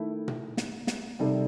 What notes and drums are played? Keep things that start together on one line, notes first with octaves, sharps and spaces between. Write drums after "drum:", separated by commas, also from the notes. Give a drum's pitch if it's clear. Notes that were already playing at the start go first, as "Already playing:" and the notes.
Already playing: D#3 A3 E4
drum: tom A#2
drum: snare
drum: snare
C3 D#3 G3 D#4 A4